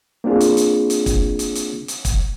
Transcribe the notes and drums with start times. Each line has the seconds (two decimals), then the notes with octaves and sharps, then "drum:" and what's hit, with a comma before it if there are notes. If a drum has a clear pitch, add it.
0.24 A#3 C4 D4 F4 G#4
0.41 drum: hi-hat
0.57 drum: hi-hat
0.90 drum: hi-hat
1.06 drum: kick, hi-hat
1.39 drum: hi-hat
1.55 drum: hi-hat
1.88 drum: hi-hat
2.05 drum: kick, hi-hat